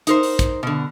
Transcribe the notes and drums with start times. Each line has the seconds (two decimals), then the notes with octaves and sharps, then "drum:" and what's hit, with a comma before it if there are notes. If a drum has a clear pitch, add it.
0.07 D#4 A#4 C5, drum: hi-hat
0.23 drum: open hi-hat
0.39 drum: kick, hi-hat
0.63 B2 D3